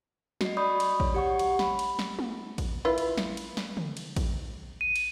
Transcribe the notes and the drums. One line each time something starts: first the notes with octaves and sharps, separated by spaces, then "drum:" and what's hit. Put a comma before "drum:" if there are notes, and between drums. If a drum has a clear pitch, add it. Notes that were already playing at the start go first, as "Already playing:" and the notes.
F#4 D#5, drum: snare
D5 B5 C#6 D#6 G6
drum: cymbal
C#5, drum: kick A1
G4 F#5 C#6
drum: cymbal
B5, drum: snare
drum: cymbal
drum: snare
drum: tom
drum: kick A1, cymbal
E4 F4 B4
drum: cymbal
drum: snare
drum: cymbal
drum: snare
drum: tom
drum: cymbal
drum: kick A1, cymbal
D#7
drum: cymbal